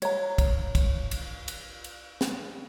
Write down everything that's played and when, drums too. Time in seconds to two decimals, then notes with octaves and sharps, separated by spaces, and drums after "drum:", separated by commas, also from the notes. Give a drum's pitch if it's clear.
0.02 C#5 A#5, drum: cymbal
0.38 drum: kick, cymbal
0.75 drum: kick, cymbal
1.11 drum: cymbal
1.48 drum: cymbal
1.84 drum: cymbal
2.21 drum: snare